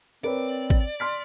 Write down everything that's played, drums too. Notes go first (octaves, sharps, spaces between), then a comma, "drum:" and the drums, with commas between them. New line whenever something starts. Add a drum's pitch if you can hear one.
C4 A#4 B4 C#5 D5
drum: kick
C6 F6 B6